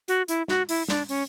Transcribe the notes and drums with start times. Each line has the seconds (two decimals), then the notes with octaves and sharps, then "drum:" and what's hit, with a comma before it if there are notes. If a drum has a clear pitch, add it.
0.08 F#4, drum: hi-hat
0.28 E4, drum: hi-hat
0.48 F#4, drum: snare
0.69 E4, drum: open hi-hat
0.88 D4, drum: snare
1.09 C#4, drum: open hi-hat